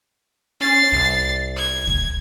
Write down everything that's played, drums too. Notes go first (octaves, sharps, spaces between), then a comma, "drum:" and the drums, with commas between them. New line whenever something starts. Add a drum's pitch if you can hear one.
C#4 A6 C7
C2
G#6
drum: kick